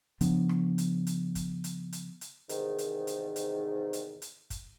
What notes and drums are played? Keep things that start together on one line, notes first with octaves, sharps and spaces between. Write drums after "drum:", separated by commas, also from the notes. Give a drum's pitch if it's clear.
C#3 F3 B3 D4, drum: hi-hat
drum: rim click
drum: hi-hat
drum: hi-hat
drum: kick, hi-hat
drum: hi-hat
drum: hi-hat
drum: hi-hat
E2 G#2 C3 D#3, drum: hi-hat
drum: hi-hat
drum: hi-hat
drum: hi-hat
drum: hi-hat
drum: hi-hat
drum: kick, hi-hat